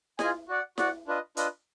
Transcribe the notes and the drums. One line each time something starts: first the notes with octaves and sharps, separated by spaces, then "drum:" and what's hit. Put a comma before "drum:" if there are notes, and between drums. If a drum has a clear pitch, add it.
F4 G#4 D#5 G#5, drum: snare E4
F#4 D5 F#5
F#4 D5 F#5, drum: snare E4
D4 F4 B4 D#5
D4 F4 B4 D#5, drum: hi-hat